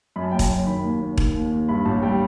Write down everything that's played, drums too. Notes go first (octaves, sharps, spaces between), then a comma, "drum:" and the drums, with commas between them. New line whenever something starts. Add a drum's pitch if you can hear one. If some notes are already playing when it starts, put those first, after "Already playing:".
F#2 B5
A5
F#1 G5
A5, drum: kick E1, hi-hat
F#3
D#3 B5
D#2
D#2
D#3, drum: kick E1
D#2
D#2
G2 B5
A1 A5
G3 G5